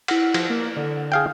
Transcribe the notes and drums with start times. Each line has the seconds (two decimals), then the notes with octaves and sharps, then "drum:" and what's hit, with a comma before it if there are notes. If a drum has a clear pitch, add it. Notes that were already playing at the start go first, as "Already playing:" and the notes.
0.08 E4 F#5, drum: cymbal
0.34 F3, drum: cymbal
0.50 A#3
0.77 D3
1.12 G#4 F5 G5